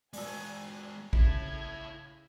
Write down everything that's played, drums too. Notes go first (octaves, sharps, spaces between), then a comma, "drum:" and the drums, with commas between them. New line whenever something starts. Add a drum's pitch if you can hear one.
G#3 F#4 D5 G#5 A5 E6, drum: open hi-hat
C#3 E4 G#4 A5 G#6, drum: kick A1